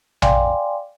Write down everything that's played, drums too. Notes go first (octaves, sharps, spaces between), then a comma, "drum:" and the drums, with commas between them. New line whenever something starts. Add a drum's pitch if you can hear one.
D5 F5 G5 G#5 C6 D6, drum: tom A#1